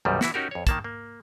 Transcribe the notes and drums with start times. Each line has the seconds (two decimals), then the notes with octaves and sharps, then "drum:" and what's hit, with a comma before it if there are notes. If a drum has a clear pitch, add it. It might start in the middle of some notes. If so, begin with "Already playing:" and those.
0.05 B1 F#2 A#2 D#3 G3
0.21 E3 E4 F#4, drum: snare
0.34 C#4 D#4 F#4 G4 A#4
0.51 F2 C#5
0.67 D#3 A#3 A5, drum: kick, hi-hat
0.84 A#3